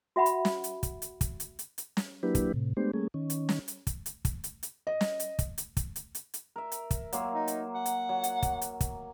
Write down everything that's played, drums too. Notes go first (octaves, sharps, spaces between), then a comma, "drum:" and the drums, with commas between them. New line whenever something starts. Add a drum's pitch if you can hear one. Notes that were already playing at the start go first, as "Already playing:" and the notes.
F#4 E5 F#5 B5
drum: hi-hat
drum: snare
drum: hi-hat
drum: kick, hi-hat
drum: hi-hat
drum: kick, hi-hat
drum: hi-hat
drum: hi-hat
drum: hi-hat
drum: snare
F#3 A#3 D4 E4 G4 B4
drum: kick, hi-hat
A2 C3
G#3 A3 B3 D4 G4 C5
G3 A3 A#3 C#4 G#4
D#3 C#4
drum: hi-hat
drum: snare
drum: hi-hat
drum: kick, hi-hat
drum: hi-hat
drum: kick, hi-hat
drum: hi-hat
drum: hi-hat
D#5
drum: snare
drum: hi-hat
drum: kick, hi-hat
drum: hi-hat
drum: kick, hi-hat
drum: hi-hat
drum: hi-hat
drum: hi-hat
A#4 E5
drum: hi-hat
drum: kick, hi-hat
F#3 A#3 C6, drum: hi-hat
D#4
drum: hi-hat
F#5
drum: hi-hat
F#3
drum: hi-hat
drum: kick, hi-hat
drum: hi-hat
drum: kick, hi-hat